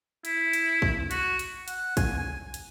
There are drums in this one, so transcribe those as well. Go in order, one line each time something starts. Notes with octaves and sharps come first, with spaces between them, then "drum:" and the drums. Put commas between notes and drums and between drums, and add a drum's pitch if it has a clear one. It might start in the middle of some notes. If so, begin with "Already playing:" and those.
E4, drum: hi-hat
drum: hi-hat
drum: kick
F#4, drum: hi-hat
drum: hi-hat
F#5, drum: hi-hat
G#5, drum: kick, hi-hat
G#5
drum: hi-hat